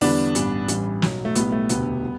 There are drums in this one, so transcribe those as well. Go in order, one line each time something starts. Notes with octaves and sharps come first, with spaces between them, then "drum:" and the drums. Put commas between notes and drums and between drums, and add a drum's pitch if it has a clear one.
E2 D3 G3 B3 D4, drum: open hi-hat
A1 G2 E3 G3, drum: hi-hat
A1 G2 E3 G3, drum: hi-hat
B1 B2 F#3, drum: snare
A3
B1 A2 G3 B3, drum: hi-hat
A3
E1 D2 C3 B3, drum: hi-hat
G3